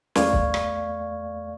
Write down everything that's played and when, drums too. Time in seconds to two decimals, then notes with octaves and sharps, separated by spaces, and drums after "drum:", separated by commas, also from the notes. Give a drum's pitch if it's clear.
0.15 E2 A3 D5 F5 C#6 G#6, drum: snare
0.33 drum: kick
0.54 drum: rim click